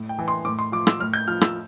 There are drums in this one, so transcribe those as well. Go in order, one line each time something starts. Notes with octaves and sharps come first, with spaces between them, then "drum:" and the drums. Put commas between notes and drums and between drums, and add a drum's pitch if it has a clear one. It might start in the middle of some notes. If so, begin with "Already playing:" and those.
Already playing: A2
G5
E3
C6
A2 D6
C6
F3 D6
E6, drum: rim click
A2 F6
G6
F3 F6
E6, drum: rim click